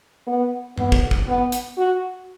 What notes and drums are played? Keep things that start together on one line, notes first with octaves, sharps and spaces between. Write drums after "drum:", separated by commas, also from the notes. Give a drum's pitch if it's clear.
B3
B3, drum: tom G2
drum: kick
drum: kick
B3
drum: hi-hat
F#4